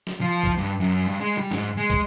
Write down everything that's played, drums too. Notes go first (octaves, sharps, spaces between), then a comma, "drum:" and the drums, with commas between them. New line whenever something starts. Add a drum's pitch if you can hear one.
drum: snare
F3
drum: kick
G2
F#2
G2
G#3
G3
G#2, drum: snare
G#3
drum: kick